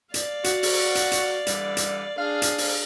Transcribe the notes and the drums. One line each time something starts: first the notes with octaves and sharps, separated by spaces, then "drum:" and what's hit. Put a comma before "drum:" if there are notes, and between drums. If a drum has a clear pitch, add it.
D5 F5, drum: hi-hat
F#4, drum: hi-hat
drum: open hi-hat
drum: hi-hat
drum: hi-hat
D3 E3 G3, drum: hi-hat
drum: hi-hat
D4 G#4 F5
drum: hi-hat
drum: open hi-hat